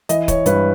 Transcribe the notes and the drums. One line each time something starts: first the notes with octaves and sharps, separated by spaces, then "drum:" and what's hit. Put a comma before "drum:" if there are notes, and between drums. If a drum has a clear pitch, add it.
E3 D#5, drum: hi-hat
C#5, drum: kick, hi-hat
G2 B4, drum: hi-hat